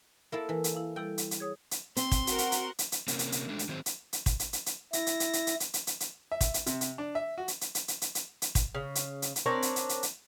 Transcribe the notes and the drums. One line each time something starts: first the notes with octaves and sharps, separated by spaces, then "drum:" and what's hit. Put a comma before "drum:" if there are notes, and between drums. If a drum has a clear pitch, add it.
A#3 E4 A4
E3 A#4
drum: hi-hat
E4 F5
G3 E4 A4 G5
drum: hi-hat
drum: hi-hat
G#4 C#5 D#6
drum: hi-hat
C4 C6, drum: hi-hat
drum: kick, hi-hat
F#4 A#4 F#5, drum: hi-hat
drum: hi-hat
drum: hi-hat
drum: hi-hat
drum: hi-hat
C3 A#3 C#4, drum: hi-hat
drum: hi-hat
drum: hi-hat
G#3 A3 D4
drum: hi-hat
D#3 F#3 C4 C5
drum: hi-hat
drum: hi-hat
drum: kick, hi-hat
drum: hi-hat
drum: hi-hat
drum: hi-hat
E4 A#6, drum: hi-hat
drum: hi-hat
drum: hi-hat
drum: hi-hat
drum: hi-hat
drum: hi-hat
drum: hi-hat
drum: hi-hat
drum: hi-hat
E5
drum: kick, hi-hat
drum: hi-hat
C3, drum: hi-hat
drum: hi-hat
D4
E5
F#4
drum: hi-hat
drum: hi-hat
drum: hi-hat
drum: hi-hat
drum: hi-hat
drum: hi-hat
drum: hi-hat
drum: kick, hi-hat
C#3
drum: hi-hat
drum: hi-hat
drum: hi-hat
C4 D4 A#4 C#5
drum: hi-hat
drum: hi-hat
drum: hi-hat
drum: hi-hat